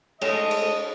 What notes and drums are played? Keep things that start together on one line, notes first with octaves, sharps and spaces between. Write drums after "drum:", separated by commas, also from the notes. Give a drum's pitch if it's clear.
G#3 A3 A4 C#5 D#5 G5 E7, drum: cymbal
drum: cymbal